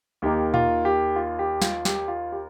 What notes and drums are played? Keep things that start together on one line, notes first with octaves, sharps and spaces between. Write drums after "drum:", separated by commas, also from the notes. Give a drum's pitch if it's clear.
D#2 D#3 A#3 G4
F4, drum: tom A#2
G4
F4
G4
F4, drum: snare
G4, drum: snare
F4
G4